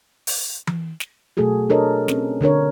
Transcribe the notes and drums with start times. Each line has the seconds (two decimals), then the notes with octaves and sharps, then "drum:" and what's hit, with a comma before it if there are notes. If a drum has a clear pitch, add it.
0.27 drum: open hi-hat
0.67 drum: tom E3
1.00 drum: snare
1.37 B2 F#3 A3 F#4 G#4 A4
1.69 D4 A4 A#4 C#5 D#5
2.08 C4 C#4, drum: snare
2.41 D3 D4 A#4 C#5